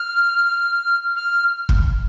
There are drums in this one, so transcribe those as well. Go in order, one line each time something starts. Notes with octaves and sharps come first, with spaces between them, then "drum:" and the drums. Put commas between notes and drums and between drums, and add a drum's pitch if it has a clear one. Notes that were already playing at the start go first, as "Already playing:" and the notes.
Already playing: F6
F6
drum: kick